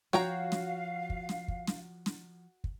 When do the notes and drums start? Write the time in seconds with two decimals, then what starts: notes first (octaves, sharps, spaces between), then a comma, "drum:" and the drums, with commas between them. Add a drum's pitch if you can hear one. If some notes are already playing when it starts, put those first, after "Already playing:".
0.13 F3 F#4 C#5 F5 G5 A#5, drum: snare
0.52 drum: snare
1.10 drum: kick
1.29 drum: snare
1.48 drum: kick
1.67 drum: snare
2.06 drum: snare
2.64 drum: kick